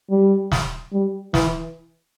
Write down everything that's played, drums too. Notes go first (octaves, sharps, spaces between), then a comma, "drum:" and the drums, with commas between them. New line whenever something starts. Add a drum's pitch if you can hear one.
G3
drum: snare
G3
E3, drum: snare